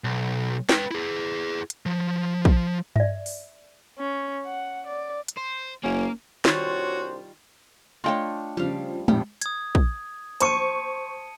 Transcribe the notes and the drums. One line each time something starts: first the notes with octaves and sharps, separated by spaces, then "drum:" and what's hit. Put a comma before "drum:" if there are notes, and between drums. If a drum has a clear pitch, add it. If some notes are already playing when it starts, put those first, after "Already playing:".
B1
B4 G5, drum: snare
E4 G#4
drum: hi-hat
F3
drum: kick
D5 E5, drum: tom G2
drum: open hi-hat
C#4
F#5
D5
drum: hi-hat
C5
F#1 A#3 C#4
C2 D#3 G3 D4 F4 F#4 C5 C#5, drum: snare
A3 D4 F4 C#5 D#5 G5
C#3 F3 G3 F5
A#1 F2 A2 G3, drum: tom
D#6 G#6, drum: hi-hat
drum: kick
C5 A5 C#6 C#7 D#7, drum: hi-hat